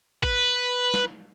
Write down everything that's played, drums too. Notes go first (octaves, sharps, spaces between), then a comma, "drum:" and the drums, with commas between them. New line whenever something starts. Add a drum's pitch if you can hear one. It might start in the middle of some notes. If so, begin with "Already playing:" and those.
B4, drum: kick A1
drum: snare